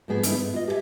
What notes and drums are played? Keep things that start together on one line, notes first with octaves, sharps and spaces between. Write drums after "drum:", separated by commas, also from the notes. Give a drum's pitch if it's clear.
G#2 F3 B3 G#4
G2 D3 B3 D#4 E4, drum: hi-hat
B3
F4 D#5
G4 G#4 C5 E5 G#5